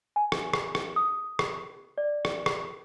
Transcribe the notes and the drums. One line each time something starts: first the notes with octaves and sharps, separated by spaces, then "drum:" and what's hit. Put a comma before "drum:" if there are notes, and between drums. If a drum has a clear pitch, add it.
G#5
drum: rim click
drum: rim click
drum: rim click
D#6
drum: rim click
D5
drum: rim click
drum: rim click